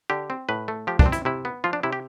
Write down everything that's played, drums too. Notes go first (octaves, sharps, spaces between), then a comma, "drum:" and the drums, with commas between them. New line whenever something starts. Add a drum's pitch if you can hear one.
D3 G4
C4
A2 B4
A3
F3 G4
D4, drum: kick
C4
E4, drum: hi-hat
C3 E4
B3
F3 F4
D4
C3 E4
G4